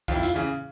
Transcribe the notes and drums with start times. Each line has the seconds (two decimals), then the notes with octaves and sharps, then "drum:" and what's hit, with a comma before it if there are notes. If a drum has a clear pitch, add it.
0.08 F2 F4, drum: kick B1
0.15 E4
0.23 F4, drum: tambourine
0.34 C#3 E3